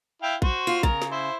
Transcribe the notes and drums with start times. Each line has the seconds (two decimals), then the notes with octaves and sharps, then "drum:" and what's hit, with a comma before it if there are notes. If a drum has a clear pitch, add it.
0.22 E4 F5 G5
0.42 F#4 C5, drum: kick A#1
0.67 F4
0.83 C#3 A#4 A#5, drum: kick A#1
1.02 drum: snare
1.11 E4 C5